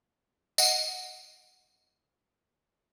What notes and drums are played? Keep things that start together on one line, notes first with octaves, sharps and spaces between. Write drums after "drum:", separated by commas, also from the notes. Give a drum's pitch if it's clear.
D#5 F#5, drum: tambourine